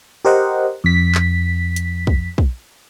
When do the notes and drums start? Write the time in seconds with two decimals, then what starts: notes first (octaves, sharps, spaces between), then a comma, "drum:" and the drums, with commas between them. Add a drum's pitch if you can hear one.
0.25 G4 A#4 C5 D#5 F#5
0.84 F2 B6
1.15 drum: clap
1.76 drum: hi-hat
2.07 drum: kick
2.38 drum: kick